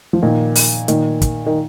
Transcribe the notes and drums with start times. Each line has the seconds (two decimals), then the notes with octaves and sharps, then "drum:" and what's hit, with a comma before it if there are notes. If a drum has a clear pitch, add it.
0.13 F3
0.22 A#2 D#3
0.55 drum: open hi-hat
0.88 A#2 D#3, drum: hi-hat
1.22 drum: kick, hi-hat
1.46 D#3